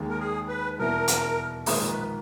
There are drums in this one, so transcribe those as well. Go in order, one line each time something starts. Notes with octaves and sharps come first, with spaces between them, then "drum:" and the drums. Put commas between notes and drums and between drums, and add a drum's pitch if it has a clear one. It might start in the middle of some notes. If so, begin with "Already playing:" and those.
Already playing: D#2 D#3 G#3
A#4
G#4
B4
E2 B2 G3 B3 E4 A#4
drum: hi-hat
A#1 G#2 D#3 A#3 D#4 G#4, drum: open hi-hat
B4